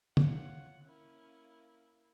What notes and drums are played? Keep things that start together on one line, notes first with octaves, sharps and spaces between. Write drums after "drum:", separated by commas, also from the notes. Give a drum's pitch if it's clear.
F4 C#5 F#5, drum: tom
A#3 C#4 E4